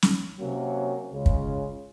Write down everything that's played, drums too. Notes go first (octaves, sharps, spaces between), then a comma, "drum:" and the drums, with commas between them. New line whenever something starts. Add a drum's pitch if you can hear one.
drum: snare
C3 F#3 A#3 C#4 F#4
C#2 C#3 G#3 C#4 F4
drum: kick